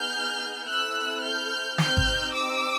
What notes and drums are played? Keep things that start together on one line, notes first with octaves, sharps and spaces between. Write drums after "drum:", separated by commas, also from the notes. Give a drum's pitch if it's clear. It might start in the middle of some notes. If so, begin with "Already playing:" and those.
Already playing: B3 D#4 G#4 F6 G6
C4 E4 A4 E6 F#6
F6 G6
C4 D#4 G4 F6 G6, drum: snare
drum: kick G#1
D6 E6